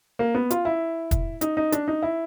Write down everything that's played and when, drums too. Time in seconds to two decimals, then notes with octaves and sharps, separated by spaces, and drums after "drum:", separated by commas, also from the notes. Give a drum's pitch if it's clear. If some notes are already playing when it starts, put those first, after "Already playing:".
0.19 A#3
0.35 B3
0.50 F4, drum: hi-hat
0.65 E4
1.11 drum: kick, hi-hat
1.41 D#4, drum: hi-hat
1.57 D#4
1.72 D4, drum: hi-hat
1.88 D#4
2.02 E4